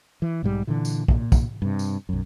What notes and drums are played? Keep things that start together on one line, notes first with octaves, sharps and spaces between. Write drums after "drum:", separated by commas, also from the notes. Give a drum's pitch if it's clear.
E3
B1 G#2 G3
A#2 D3 E3
drum: tambourine
A#2, drum: kick
drum: kick, tambourine
G2 C3
drum: tambourine
B1 F#2